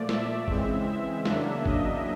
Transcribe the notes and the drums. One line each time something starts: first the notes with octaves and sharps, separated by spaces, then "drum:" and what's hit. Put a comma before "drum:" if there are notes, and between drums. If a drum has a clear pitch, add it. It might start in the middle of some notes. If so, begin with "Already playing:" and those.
Already playing: A#2 F3 A3 D5
E5, drum: snare
C#3 E3 G#3 C4, drum: kick
E5
E2 C#3 F#3 A#3 D4, drum: snare
D#5, drum: kick